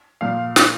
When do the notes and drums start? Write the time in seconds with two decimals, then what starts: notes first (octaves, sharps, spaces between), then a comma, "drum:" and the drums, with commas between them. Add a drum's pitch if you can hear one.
0.21 A#2 F3 F5
0.56 drum: snare